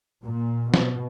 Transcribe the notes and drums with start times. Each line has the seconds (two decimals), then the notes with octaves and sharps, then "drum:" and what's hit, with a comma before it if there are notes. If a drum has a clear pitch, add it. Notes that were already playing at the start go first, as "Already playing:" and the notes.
0.24 A#2
0.74 B2, drum: snare